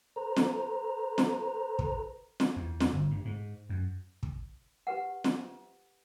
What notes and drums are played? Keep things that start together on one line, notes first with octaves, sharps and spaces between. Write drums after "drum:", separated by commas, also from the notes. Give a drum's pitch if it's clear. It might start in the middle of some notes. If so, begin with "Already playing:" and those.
A4 B4 C5 A#5
drum: snare
drum: snare
drum: kick
drum: snare
E2
drum: snare
G1
G2
G#2
F#2
drum: kick
G4 B4 F#5
drum: snare